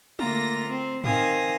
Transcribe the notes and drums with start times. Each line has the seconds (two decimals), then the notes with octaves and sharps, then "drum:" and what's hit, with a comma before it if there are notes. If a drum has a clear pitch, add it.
0.19 D3 A3 A#3 F4 A#5 A#6, drum: tom
0.67 C4
1.04 D#3 C4 F5 G#5 D#6 A#6, drum: tom